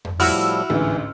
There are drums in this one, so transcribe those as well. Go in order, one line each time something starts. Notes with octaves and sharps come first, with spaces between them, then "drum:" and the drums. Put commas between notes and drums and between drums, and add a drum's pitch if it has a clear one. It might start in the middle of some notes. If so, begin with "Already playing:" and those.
drum: tom F2
A2 F3 G3 E4 F#4 E6 F6, drum: open hi-hat
A1 D2 G#2 E3